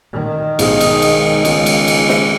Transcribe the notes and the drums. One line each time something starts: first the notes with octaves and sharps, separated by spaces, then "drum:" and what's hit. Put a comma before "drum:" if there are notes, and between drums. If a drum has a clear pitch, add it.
D#3
B1 G#2 G#3 D#6, drum: cymbal
drum: cymbal
drum: cymbal
C#2, drum: cymbal
drum: cymbal
drum: cymbal
drum: snare